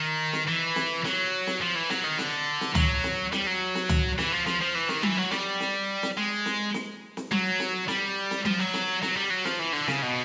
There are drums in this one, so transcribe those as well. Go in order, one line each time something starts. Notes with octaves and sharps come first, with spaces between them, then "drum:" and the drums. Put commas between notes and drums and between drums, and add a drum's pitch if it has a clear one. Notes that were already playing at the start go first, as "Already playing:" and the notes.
Already playing: D#3
drum: snare
E3
drum: snare
F#3, drum: snare
drum: snare
F3
E3
F#3, drum: snare
D#3
D3, drum: snare
drum: snare
F#3, drum: tom C#2
drum: snare
G3, drum: snare
F#3
drum: snare
drum: tom C#2
E3, drum: snare
F3
F3, drum: snare
F3
E3
D#3, drum: snare
E3, drum: tom F#3
F#3
G3, drum: snare
drum: snare
drum: snare
G#3
drum: snare
drum: snare
drum: snare
F#3, drum: tom F#3
drum: snare
G3, drum: snare
drum: snare
F3, drum: tom F#3
F#3
drum: snare
F#3, drum: snare
G3
F#3
F3, drum: snare
E3
D3
C#3, drum: snare
B2